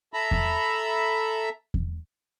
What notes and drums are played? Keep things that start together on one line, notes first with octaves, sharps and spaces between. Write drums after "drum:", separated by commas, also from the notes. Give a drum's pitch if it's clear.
A4 E5 A#5 B5
drum: kick E2
drum: kick E2